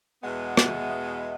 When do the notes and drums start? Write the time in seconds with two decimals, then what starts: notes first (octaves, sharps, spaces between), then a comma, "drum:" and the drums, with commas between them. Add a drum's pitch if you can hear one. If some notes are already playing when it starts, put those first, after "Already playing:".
0.23 E2 B2 G#3 B3 F#5
0.57 E5, drum: rim click
0.91 D#5